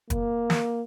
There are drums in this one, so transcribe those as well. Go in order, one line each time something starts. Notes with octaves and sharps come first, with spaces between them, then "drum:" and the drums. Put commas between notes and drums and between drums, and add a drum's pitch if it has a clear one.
A#3, drum: kick, hi-hat
drum: snare